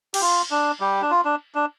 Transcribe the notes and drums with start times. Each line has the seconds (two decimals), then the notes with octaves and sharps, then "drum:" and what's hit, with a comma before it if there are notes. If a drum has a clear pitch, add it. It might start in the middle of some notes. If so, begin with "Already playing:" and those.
0.14 G4, drum: cymbal
0.21 F4
0.51 D4
0.80 G3 G4
1.02 D4
1.11 F4
1.25 D4
1.55 D4